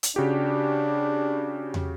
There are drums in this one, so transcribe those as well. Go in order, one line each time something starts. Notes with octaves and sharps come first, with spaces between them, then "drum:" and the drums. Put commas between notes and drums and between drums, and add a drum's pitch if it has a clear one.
drum: hi-hat
C#3 D4 F#4 G4
drum: tom